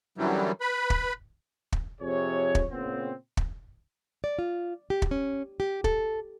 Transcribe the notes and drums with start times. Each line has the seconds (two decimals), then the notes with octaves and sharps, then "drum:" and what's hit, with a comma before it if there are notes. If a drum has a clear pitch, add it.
0.18 F#2 D3 E3 F#3 G3
0.61 B4 B5
0.90 drum: kick
1.72 drum: kick
2.01 F2 C3 G#4 C#5
2.55 drum: kick
2.71 A#2 C#3 B3 C4
3.37 drum: kick
4.24 D5
4.39 F4
4.90 G4
5.02 drum: kick
5.11 C#4
5.60 G4
5.84 A4, drum: kick